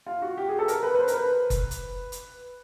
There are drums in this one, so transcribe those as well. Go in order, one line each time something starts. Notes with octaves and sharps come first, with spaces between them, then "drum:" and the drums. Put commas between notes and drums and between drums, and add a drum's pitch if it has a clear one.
F4
F#4
G4
G#4
A4
A#4, drum: hi-hat
B4
B4
C5
A#4, drum: hi-hat
B4
drum: kick F#1, hi-hat
drum: hi-hat
drum: hi-hat